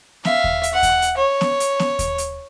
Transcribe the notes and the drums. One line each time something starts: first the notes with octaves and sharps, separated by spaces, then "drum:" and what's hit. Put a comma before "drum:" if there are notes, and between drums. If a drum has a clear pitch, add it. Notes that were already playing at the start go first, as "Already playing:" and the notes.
E5 F5, drum: snare B3
drum: kick D#2
drum: hi-hat
F#5
drum: kick D#2, hi-hat
drum: hi-hat
C#5
drum: snare B3
drum: hi-hat
drum: snare B3
drum: kick D#2, hi-hat
drum: hi-hat